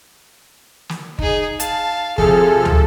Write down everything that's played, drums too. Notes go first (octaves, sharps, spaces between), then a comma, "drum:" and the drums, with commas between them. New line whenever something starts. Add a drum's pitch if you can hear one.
drum: snare
D#4 G#4, drum: kick G1
F5 A5, drum: hi-hat
C3 F3 G#4 A4 F6, drum: kick G1
drum: tom